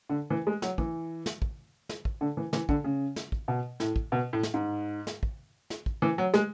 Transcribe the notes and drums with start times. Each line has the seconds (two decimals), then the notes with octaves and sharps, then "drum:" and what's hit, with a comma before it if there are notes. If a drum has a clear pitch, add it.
0.10 D3
0.30 E3
0.47 G#3
0.62 F#3, drum: snare
0.78 E3, drum: kick
1.26 drum: snare
1.42 drum: kick
1.89 drum: snare
2.05 drum: kick
2.21 D3
2.37 E3
2.53 E3, drum: snare
2.69 D3, drum: kick
2.84 C#3
3.16 drum: snare
3.32 drum: kick
3.48 B2
3.80 A2, drum: snare
3.96 drum: kick
4.12 B2
4.33 A2
4.43 drum: snare
4.54 G#2
5.07 drum: snare
5.23 drum: kick
5.70 drum: snare
5.86 drum: kick
6.02 E3
6.18 F#3
6.34 G#3, drum: snare